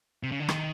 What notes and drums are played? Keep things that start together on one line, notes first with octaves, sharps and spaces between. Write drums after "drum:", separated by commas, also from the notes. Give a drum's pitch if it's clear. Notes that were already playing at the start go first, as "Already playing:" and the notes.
C3
C#3
D3
D#3, drum: rim click